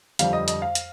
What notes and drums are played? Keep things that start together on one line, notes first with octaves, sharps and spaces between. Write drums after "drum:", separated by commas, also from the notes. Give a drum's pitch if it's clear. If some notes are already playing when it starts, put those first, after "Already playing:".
F2 D3 G3 F5, drum: hi-hat
D#5
D#5, drum: hi-hat
F5
drum: hi-hat